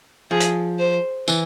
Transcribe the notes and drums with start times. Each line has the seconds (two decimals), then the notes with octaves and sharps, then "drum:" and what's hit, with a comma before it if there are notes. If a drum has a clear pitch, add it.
0.31 F3 G#4
0.40 drum: hi-hat
0.79 C5
1.28 E3, drum: tambourine